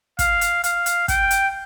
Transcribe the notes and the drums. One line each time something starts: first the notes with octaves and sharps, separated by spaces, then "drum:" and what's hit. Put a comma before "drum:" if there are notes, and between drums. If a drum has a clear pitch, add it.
F5, drum: kick, hi-hat
drum: hi-hat
F5, drum: hi-hat
drum: hi-hat
G5, drum: kick, hi-hat
drum: hi-hat